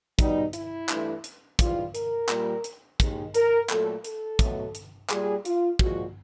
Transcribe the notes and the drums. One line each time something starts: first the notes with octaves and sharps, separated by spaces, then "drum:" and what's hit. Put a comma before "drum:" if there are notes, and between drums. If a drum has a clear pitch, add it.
B2 G3 D#4, drum: kick, hi-hat
E4, drum: hi-hat
G2 E3 A3, drum: clap
drum: hi-hat
G#2 E3 G3 F4, drum: kick, hi-hat
A#4, drum: hi-hat
A#2 G3, drum: clap
drum: hi-hat
D#2 D#3 G#3, drum: kick, hi-hat
A#4, drum: hi-hat
A#2 F#3 A3 A4, drum: clap
A4, drum: hi-hat
B2 F#3 A3, drum: kick, hi-hat
drum: hi-hat
A#2 G3 G#4, drum: clap
F4, drum: hi-hat
A#2 F3 G#3 F#4, drum: kick